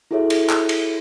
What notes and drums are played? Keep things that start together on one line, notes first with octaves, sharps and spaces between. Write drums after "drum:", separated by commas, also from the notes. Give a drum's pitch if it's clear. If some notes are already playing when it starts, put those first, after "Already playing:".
E4 F#4 G#4 A4 C#5 E5
drum: cymbal
drum: clap
drum: cymbal